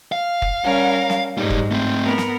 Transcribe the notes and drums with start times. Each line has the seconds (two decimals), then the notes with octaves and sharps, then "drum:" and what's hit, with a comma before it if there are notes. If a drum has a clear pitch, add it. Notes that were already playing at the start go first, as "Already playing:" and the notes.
0.12 F5
0.42 drum: kick
0.64 G3 C#4 A#4
1.10 drum: snare
1.37 G#2 G3 D#4
1.50 drum: kick
1.71 A3 C4
2.04 B3 A#4
2.18 drum: snare